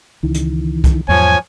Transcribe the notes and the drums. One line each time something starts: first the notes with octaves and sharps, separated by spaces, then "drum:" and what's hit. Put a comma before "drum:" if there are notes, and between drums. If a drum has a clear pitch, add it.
C#2 D#3 E3
drum: hi-hat
drum: kick, hi-hat
E2 G#2 F3 F#3 C#5 G#5